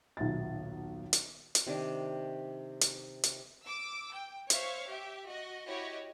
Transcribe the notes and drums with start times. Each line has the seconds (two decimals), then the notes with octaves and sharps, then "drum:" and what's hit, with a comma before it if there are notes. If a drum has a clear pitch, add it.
0.17 D#1 B1 D#4 E5 A6
1.13 drum: hi-hat
1.55 drum: hi-hat
1.67 C3 D#3 D4
2.81 drum: hi-hat
3.23 drum: hi-hat
3.65 D6 E6
4.13 G5
4.50 C5 C#5 E5 F5 C#6, drum: hi-hat
4.87 G4 E5
5.27 F#4 D#5
5.67 E4 F#4 G4 C#5 D#5